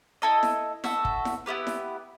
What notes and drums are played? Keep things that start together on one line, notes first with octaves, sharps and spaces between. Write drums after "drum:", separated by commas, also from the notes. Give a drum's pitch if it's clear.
E4 A4 D#5
drum: snare E4
F#4 A4 E5, drum: snare E4
drum: kick
drum: snare E4
B3 E4 G4 B4
drum: snare E4